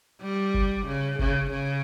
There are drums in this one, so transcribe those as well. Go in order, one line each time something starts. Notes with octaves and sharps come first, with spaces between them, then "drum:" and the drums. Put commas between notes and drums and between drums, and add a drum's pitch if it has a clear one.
G3
drum: kick
C#3
C#3, drum: kick
C#3